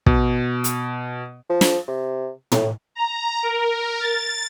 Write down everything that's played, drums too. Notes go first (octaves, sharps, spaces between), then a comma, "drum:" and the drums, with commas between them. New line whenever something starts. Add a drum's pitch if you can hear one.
B2, drum: kick
drum: hi-hat
F3
drum: snare
C3
A2, drum: tom
A#5
A#4
A6